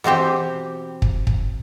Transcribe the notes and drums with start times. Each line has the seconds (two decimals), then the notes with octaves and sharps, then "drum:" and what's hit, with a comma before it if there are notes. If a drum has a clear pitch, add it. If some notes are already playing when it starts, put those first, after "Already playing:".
0.04 B2 E3 C4 G4
1.02 drum: kick
1.27 drum: kick